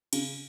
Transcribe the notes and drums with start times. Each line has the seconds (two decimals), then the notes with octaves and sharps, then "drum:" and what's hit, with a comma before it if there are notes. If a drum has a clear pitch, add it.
0.13 C#3, drum: cymbal